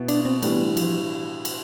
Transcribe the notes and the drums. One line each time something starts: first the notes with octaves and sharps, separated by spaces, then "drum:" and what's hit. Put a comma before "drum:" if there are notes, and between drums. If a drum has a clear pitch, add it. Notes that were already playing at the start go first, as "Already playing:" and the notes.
Already playing: B2 B3 E4
D4, drum: cymbal
C4
A2 E3 G3 A3 D4, drum: cymbal
B3
A3
F3, drum: cymbal
drum: cymbal